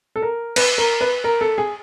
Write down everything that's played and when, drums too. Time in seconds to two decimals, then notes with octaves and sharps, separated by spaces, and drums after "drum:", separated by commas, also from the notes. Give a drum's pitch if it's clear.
0.16 A4
0.22 A#4
0.56 B4, drum: cymbal
0.78 A#4
1.01 B4
1.24 A#4
1.41 A4
1.58 G#4